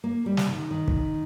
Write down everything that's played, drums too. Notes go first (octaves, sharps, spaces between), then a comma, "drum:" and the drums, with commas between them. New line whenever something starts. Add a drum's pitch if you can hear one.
A#3
G3
drum: snare
D#3
D#3
drum: kick